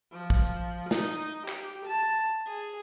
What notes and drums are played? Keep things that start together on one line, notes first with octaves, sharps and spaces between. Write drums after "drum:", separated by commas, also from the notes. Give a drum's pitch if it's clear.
F3
drum: kick
D#4, drum: snare
G4, drum: clap
A5
G#4